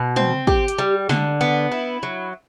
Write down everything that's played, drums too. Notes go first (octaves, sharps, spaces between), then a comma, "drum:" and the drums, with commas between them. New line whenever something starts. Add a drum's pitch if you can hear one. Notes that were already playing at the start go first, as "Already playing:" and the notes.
Already playing: B2
C4, drum: tom
G4, drum: kick
drum: hi-hat
G3
D3, drum: snare
B3
E4
F#3